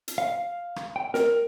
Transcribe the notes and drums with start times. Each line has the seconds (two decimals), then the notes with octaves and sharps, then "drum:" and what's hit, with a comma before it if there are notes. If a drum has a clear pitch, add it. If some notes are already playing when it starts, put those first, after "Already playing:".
0.08 drum: hi-hat
0.18 F5
0.76 drum: rim click
0.96 G5
1.14 A#4, drum: snare